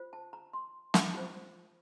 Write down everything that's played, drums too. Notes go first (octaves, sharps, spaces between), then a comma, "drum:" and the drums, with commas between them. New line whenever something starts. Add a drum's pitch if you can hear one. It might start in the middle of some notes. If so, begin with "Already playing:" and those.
Already playing: F4 C5
A5
A#5
C6
drum: snare
F4 C5